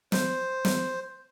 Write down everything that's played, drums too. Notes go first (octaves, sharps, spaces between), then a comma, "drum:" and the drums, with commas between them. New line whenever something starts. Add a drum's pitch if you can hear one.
C5, drum: snare
drum: snare